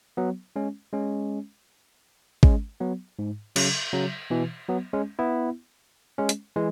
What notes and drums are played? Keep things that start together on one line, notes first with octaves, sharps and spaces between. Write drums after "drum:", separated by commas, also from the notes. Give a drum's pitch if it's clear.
F#3 B3
G#3 C#4
G#3 C#4
G#3 C#4, drum: kick G#1
F#3 B3
G#2
C#3 F#3, drum: cymbal
C#3 F#3
B2 E3
F#3 B3
G#3 C#4
B3 E4
G#3 C#4
drum: hi-hat
E3 G#3